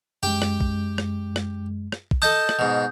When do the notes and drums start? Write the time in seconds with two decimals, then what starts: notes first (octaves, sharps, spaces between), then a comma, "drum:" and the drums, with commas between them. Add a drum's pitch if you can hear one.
0.23 F#2 G#3 G4 G5
0.42 drum: rim click
0.61 drum: kick
0.98 drum: rim click
1.36 drum: rim click
1.92 drum: rim click
2.11 drum: kick
2.22 A4 D#5 A5 D#6 G6
2.49 drum: rim click
2.59 G#2 B2